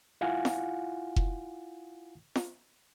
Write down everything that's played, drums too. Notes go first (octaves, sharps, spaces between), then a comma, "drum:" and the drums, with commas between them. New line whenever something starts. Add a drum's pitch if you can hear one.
E4 F4 F5 F#5 G#5
drum: snare
drum: kick F1
drum: snare